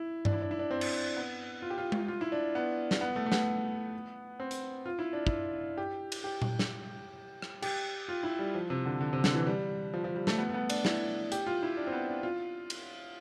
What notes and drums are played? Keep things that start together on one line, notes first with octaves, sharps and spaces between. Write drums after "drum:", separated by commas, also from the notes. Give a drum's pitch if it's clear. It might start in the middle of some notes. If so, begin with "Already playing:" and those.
Already playing: E4
D4, drum: tom G2
E4
D4
E4
D4
C4
drum: cymbal
B3
F4
G4
F4
drum: tom G#3
F4
E4
D4
B3
drum: snare
B3
A3
A3
B3, drum: snare
C4
drum: hi-hat
F4
E4
D4
E4, drum: kick
G4
drum: cymbal
G4
drum: tom A#2
drum: snare
drum: rim click
G4, drum: cymbal
F4
E4
G3
F3
C3
D3
D3
C3
D3, drum: snare
E3
G3
F3
F3
G3
A3, drum: snare
B3
A3
B3
D4, drum: cymbal
E4, drum: snare
G4, drum: hi-hat
F4
E4
D4
C4
B3
D4
F4
drum: cymbal